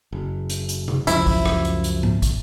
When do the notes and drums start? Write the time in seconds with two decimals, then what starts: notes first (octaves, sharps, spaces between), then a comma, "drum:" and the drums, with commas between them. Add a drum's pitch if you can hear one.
0.12 F#1
0.50 drum: hi-hat
0.69 drum: hi-hat
0.88 drum: tom C3
1.07 C#2 F#2 F3 E4, drum: hi-hat
1.26 drum: kick, open hi-hat
1.46 drum: rim click
1.65 drum: hi-hat
1.84 drum: hi-hat
2.03 drum: tom G#2
2.22 drum: kick, hi-hat